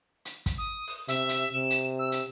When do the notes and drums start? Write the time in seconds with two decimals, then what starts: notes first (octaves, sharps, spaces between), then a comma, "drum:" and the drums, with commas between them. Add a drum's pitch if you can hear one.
0.25 drum: hi-hat
0.46 drum: kick, hi-hat
0.58 D#6
0.87 drum: open hi-hat
1.08 C3 E5, drum: hi-hat
1.29 drum: hi-hat
1.53 C3 E7
1.70 drum: hi-hat
1.99 E6
2.12 drum: hi-hat